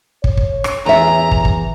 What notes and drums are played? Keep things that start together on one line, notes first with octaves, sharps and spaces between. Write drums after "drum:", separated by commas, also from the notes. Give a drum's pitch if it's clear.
C#5, drum: kick
drum: kick
drum: rim click
E2 E5 A#5
drum: kick
drum: kick